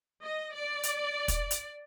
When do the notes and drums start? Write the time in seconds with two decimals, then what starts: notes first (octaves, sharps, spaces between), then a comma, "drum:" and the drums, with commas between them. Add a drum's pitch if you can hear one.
0.24 D#5
0.54 D5
0.83 drum: hi-hat
1.28 drum: kick, hi-hat
1.51 drum: hi-hat